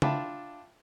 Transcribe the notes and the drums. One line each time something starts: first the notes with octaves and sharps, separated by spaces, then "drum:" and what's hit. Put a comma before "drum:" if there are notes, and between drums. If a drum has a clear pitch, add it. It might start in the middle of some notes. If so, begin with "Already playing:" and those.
D4 F4 E5 G5 A5 B5, drum: tom C#3